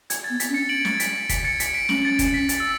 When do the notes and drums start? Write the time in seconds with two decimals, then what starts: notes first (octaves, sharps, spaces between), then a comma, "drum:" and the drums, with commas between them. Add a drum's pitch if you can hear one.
0.10 G#6, drum: hi-hat
0.24 A6
0.30 B3
0.40 B6, drum: hi-hat
0.49 C#4
0.54 A6 C#7
0.69 D7 F#7
0.85 A6, drum: snare
1.00 B6, drum: hi-hat
1.15 A6
1.29 B6, drum: kick, hi-hat
1.44 A6 C#7
1.60 B6 D7, drum: hi-hat
1.74 B6 D7
1.89 C#4 D7 F#7, drum: snare
2.04 A6 C#7
2.19 A6, drum: kick, hi-hat
2.34 B6
2.49 A6, drum: hi-hat
2.60 E6